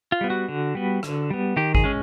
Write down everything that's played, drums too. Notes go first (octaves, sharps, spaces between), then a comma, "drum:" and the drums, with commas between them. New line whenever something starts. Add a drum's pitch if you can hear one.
F4
G3 B3
F#4
D3
G3 B3
D3, drum: rim click
G3 B3
D#3 G4
G#4, drum: kick G#1
G#3 C#4